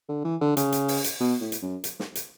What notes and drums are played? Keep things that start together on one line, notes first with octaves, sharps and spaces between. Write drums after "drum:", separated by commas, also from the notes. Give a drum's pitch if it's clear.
D3
E3
D3
C#3, drum: hi-hat
drum: hi-hat
drum: open hi-hat
drum: hi-hat
B2
A2
drum: hi-hat
F#2
drum: hi-hat
drum: snare
drum: hi-hat